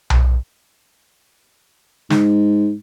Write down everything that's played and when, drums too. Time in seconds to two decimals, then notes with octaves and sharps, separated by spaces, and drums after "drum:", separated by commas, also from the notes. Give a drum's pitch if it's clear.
0.10 drum: tom B1
2.10 G#2, drum: snare